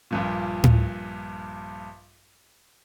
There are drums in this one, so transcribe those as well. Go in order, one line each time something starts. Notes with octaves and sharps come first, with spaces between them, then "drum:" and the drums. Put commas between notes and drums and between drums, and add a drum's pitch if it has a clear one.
A#1 G2 A#2
drum: tom A2